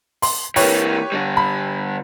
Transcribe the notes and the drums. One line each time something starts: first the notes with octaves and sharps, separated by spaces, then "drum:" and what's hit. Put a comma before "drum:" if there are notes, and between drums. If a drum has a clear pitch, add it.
C6, drum: open hi-hat
E3 A#3 G4 B4 C#5, drum: open hi-hat
D3 G3
B5